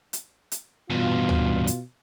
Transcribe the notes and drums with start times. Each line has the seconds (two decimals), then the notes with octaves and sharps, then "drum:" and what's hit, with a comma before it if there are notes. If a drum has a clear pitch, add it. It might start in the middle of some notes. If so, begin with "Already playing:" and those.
0.13 drum: hi-hat
0.52 drum: hi-hat
0.90 E2 G2 B2 F4
1.29 drum: tom D2
1.67 drum: hi-hat